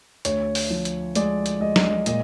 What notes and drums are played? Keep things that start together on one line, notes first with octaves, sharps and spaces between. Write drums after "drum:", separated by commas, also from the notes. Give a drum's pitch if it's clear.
D2 C#5, drum: hi-hat
drum: open hi-hat
F3
drum: hi-hat
G#3 D5, drum: hi-hat
drum: hi-hat
G#3 D#5
drum: snare
A#2 D#5, drum: hi-hat